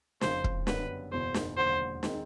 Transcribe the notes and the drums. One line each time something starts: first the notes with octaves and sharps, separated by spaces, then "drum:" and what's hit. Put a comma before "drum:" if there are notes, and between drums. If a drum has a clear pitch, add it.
F#1 F2 C#3 F3 C5, drum: snare
drum: kick
F#2 D3 G3 B3 B4, drum: snare
F#1 E2 B2 G#3 C5
drum: snare
E1 D#2 D3 F#3 C5
D#3 G#3 C4 D#4, drum: snare